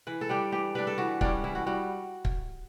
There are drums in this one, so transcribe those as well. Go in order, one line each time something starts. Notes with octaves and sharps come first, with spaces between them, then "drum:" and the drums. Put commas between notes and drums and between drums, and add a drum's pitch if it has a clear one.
E3 B4
A4
G3 D4 G4
E3 G4
G3 D4 B4
A4
E3 F#4
G3 C#4 D4, drum: kick
E3 E4
F#4
G3 F#4
drum: kick